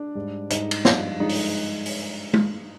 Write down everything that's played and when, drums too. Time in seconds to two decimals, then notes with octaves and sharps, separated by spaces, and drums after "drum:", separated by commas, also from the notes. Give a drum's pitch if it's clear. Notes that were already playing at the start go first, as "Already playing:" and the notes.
Already playing: D4 D5
0.15 G#2 G3
0.50 G#2 G3 D#4 D#5, drum: hi-hat
0.71 drum: cymbal
0.85 G2 F3 G#3, drum: snare
1.20 G2 F3 G#3 D#4 D#5
1.29 drum: open hi-hat
1.86 drum: open hi-hat
2.34 drum: tom G#3